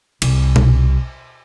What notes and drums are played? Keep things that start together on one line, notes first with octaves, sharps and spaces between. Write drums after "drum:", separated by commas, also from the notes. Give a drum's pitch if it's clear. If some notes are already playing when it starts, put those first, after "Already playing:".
C2, drum: cymbal
drum: tom B2